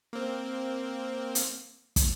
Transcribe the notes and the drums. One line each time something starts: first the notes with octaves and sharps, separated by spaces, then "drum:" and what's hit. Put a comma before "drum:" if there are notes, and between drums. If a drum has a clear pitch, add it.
A#3 C4
drum: hi-hat
drum: kick, hi-hat